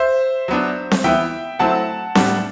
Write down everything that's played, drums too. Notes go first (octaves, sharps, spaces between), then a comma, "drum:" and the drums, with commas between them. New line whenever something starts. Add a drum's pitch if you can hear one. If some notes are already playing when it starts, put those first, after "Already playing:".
Already playing: C5 E5
F#3 B3 D4
drum: snare C4
E3 B3 E4 E5 G5
F#3 A3 C4 E4 F#5 A5
A2 G3 B3 D4 F#5 A5, drum: snare C4